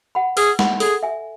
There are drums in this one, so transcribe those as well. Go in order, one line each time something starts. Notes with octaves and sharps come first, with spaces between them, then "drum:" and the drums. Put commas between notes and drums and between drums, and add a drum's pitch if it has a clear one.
F#5 B5
G#4 B4, drum: open hi-hat
F#5 B5, drum: snare
G#4 A4, drum: open hi-hat
E5 G#5